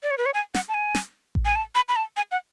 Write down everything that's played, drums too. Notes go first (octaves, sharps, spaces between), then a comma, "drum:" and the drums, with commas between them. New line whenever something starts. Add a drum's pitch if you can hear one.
D5
C#5
B4
C#5
G#5
F#5, drum: snare
A5
G#5
drum: snare
drum: kick A1
G#5
A5
B5
B5
A5
G#5
F#5